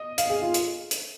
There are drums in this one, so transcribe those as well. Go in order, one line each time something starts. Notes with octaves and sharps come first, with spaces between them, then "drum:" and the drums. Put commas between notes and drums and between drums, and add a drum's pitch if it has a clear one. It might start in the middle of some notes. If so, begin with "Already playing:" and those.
Already playing: D#5
F5, drum: hi-hat
G#4
F4
drum: hi-hat
drum: hi-hat